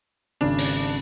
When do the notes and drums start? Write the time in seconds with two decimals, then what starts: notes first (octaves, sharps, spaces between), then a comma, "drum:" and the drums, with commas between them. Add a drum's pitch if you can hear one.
0.41 G#1 C#3 D4
0.58 drum: open hi-hat